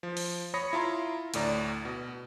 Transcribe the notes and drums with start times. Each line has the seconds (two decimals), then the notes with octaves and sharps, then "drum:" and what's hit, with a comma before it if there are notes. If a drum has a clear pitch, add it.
0.03 F3
0.17 drum: open hi-hat
0.54 C#5 B5 D#6 A#6 C#7
0.73 E4 F4 A#5 C6
1.34 D2 A2 D5 A#5, drum: hi-hat
1.85 B2